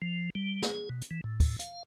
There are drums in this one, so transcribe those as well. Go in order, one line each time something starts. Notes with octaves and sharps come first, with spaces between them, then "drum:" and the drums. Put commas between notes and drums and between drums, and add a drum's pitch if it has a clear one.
F3
G3
G#4, drum: snare
B2
drum: hi-hat
E3
A2
drum: kick, open hi-hat
F5, drum: hi-hat